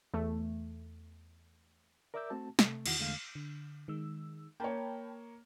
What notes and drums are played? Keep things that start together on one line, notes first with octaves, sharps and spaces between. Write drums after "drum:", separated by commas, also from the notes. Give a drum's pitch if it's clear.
E2 A3
A#4 D5 E5 D6 E6 G6
A3 C4 F#4 A5
C3 A3, drum: snare
E2 D#3 E4 F#4 F#5, drum: cymbal
E2 D3 G#3 A3 F5 F6
D3
D#3 G#3 E6
A#3 C#5 G5 A5 B5